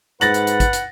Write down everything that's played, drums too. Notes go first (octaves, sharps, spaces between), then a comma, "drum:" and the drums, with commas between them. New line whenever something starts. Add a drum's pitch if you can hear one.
G#2 B4 F#5 A6 A#6 F#7, drum: hi-hat
drum: hi-hat
drum: hi-hat
drum: kick, hi-hat
drum: hi-hat